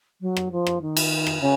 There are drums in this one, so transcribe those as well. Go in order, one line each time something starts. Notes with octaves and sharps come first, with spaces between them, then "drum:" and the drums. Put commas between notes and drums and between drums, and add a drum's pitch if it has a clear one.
F#3
drum: rim click
F3
drum: rim click
D#3
drum: cymbal
drum: rim click
C#3